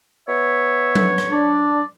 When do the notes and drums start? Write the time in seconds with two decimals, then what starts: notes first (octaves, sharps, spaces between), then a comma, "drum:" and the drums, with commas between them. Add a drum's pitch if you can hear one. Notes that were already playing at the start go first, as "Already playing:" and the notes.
0.28 B3 C#5 E5
0.95 drum: tom F#3
1.18 drum: rim click
1.31 D4 D5